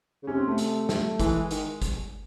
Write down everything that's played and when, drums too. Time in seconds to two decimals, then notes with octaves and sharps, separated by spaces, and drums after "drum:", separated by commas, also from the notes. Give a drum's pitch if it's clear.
0.23 C#3
0.27 C3 C#4
0.37 C4
0.48 A3
0.58 drum: hi-hat
0.89 A3, drum: snare
1.20 E3 G#3, drum: kick G1, hi-hat
1.51 D#3, drum: hi-hat
1.82 drum: kick G1, hi-hat